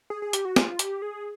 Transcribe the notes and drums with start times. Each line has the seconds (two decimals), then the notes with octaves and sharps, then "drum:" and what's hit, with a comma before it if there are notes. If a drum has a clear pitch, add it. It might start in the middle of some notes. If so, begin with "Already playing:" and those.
0.10 G#4
0.22 G#4
0.33 G4, drum: hi-hat
0.45 F#4
0.56 F4, drum: snare
0.79 G4, drum: hi-hat
1.02 G#4